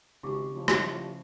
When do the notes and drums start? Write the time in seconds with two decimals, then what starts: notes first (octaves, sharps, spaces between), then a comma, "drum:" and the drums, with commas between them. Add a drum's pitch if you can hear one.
0.23 G#1 C#3 G4 C#6 D6
0.54 A1 F3
0.68 drum: rim click